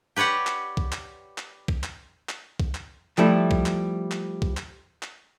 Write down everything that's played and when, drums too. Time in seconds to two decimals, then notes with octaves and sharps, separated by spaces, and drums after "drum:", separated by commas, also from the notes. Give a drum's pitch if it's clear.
0.16 G4 B4 C#5 D5 F#5
0.47 drum: clap
0.77 drum: kick B1
0.92 drum: clap
1.38 drum: clap
1.68 drum: kick B1
1.84 drum: clap
2.29 drum: clap
2.60 drum: kick B1
2.75 drum: clap
3.18 F3 G3 A3 E4, drum: clap
3.51 drum: kick B1
3.66 drum: clap
4.12 drum: clap
4.42 drum: kick B1
4.57 drum: clap
5.03 drum: clap